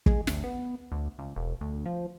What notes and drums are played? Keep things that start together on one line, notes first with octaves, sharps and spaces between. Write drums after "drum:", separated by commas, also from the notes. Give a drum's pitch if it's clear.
G#3, drum: kick
D2, drum: snare
B3
D2
C#2
E1
D2
F3